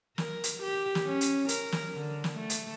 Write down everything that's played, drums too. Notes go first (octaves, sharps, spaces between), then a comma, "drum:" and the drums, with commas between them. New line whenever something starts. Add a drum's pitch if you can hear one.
A#4, drum: snare
drum: hi-hat
G4
drum: snare
C#4
drum: hi-hat
A#4, drum: hi-hat
drum: snare
D3
drum: snare
A3
drum: hi-hat